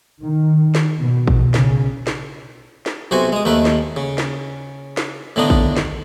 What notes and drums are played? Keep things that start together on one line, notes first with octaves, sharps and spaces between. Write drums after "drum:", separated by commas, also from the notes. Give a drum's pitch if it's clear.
D#3
drum: snare
B2
drum: kick A1
C#3, drum: snare
drum: snare
drum: snare
B1 C3 F#4 C5 G#5
G#3 D#6
D#2 D#3 A3 B4
drum: snare
C#3
drum: snare
drum: snare
A2 D3 D#3 B3 D4 D#5
drum: kick A1
drum: snare